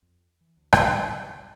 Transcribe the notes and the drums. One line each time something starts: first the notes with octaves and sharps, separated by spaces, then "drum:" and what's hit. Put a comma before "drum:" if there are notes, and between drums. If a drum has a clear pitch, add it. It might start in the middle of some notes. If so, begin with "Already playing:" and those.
F2
E3
D2
E2, drum: rim click
C3